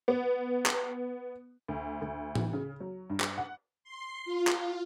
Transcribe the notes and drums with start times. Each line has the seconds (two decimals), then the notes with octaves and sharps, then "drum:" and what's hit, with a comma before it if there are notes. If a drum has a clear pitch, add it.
0.08 B3
0.66 drum: clap
1.68 D2
2.02 D2
2.35 drum: tom A2
2.53 C#3
2.80 F#3
3.10 G2
3.20 drum: clap
3.38 F#5
3.84 C6
4.25 F4
4.47 drum: clap